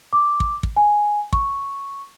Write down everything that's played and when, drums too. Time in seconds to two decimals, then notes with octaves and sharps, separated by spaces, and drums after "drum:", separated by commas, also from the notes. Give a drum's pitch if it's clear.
0.13 D6
0.40 drum: kick
0.63 drum: kick
0.76 G#5
1.33 C#6, drum: kick